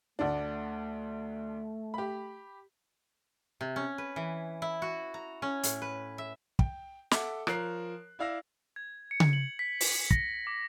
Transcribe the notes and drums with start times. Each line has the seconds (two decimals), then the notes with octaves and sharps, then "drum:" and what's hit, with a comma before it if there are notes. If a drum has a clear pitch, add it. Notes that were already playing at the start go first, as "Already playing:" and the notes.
0.19 D2 A3 D4
1.94 G4 B5
3.61 C3
3.76 C#4
3.98 B4
4.16 E3
4.62 E4
4.82 F#4
5.14 A#5
5.42 C#4
5.63 A2, drum: hi-hat
5.82 B4
6.18 E5
6.59 G5, drum: kick
7.11 A4 E5 F#5 D6, drum: snare
7.47 F3 A#4 C#5 F#6 C7, drum: rim click
8.19 E4 D5 F5 E6 A#6
8.76 G#6
9.11 C#7
9.20 drum: tom C#3
9.33 F#7
9.59 B6
9.81 drum: open hi-hat
10.11 A#6, drum: kick
10.47 D6